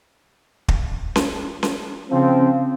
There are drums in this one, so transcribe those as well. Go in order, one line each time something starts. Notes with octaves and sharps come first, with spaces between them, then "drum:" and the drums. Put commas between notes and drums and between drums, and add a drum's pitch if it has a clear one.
drum: kick
drum: snare C#4
drum: snare C#4
C#3 F3 C4